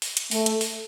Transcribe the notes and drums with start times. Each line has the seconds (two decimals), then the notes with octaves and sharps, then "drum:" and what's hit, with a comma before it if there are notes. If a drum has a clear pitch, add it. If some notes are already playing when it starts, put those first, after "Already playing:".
0.02 drum: open hi-hat
0.17 drum: hi-hat
0.31 A3, drum: open hi-hat
0.46 drum: hi-hat
0.61 drum: open hi-hat